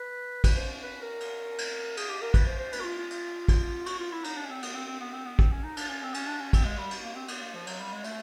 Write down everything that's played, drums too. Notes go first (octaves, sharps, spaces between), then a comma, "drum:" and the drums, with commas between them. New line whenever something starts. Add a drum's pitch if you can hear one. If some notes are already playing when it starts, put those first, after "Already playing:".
Already playing: B4
B4, drum: kick, cymbal
C5
B4
A#4
drum: cymbal
drum: cymbal
G#4, drum: cymbal
G4
A#4
B4, drum: kick, cymbal
C5
C5
B4, drum: cymbal
F#4
F4
F4
drum: cymbal
drum: kick, cymbal
F#4, drum: cymbal
F4
E4
D#4, drum: cymbal
D4
C#4
C4
B3, drum: cymbal
C4
C4
B3
C4
B3
C4, drum: kick
C#4
D#4
D4, drum: cymbal
C#4
C4
C#4, drum: cymbal
D4
C#4
C4, drum: kick, cymbal
G#3
G3
drum: cymbal
A#3
C4
B3, drum: cymbal
A#3
F3
F#3, drum: cymbal
G3
G#3
A3, drum: cymbal